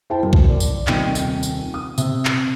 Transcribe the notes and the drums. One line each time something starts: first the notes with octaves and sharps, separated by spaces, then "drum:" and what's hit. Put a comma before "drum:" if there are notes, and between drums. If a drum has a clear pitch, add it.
E4 C5 E5 G5 A5
F#2
drum: kick B1
D5
drum: tambourine
D#1 C3 D#3 G5 D#7, drum: clap
drum: tambourine
drum: tambourine
D#6
C3, drum: tambourine
drum: clap